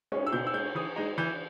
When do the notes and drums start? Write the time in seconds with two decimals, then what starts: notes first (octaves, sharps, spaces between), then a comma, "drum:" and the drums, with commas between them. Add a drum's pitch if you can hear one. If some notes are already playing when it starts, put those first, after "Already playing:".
0.12 G#3 C#4, drum: cymbal
0.27 E6
0.33 B2 G6
0.47 E6
0.54 G#3 C#4 G6
0.75 E3 D#6
0.96 G#3 D#4
1.18 E3 G6